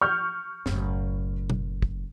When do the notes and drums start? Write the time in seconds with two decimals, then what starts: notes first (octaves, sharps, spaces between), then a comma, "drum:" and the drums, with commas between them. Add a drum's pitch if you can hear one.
0.01 C#6 F6 G6
0.66 F#1 A2, drum: snare
1.50 drum: tom B2
1.82 drum: kick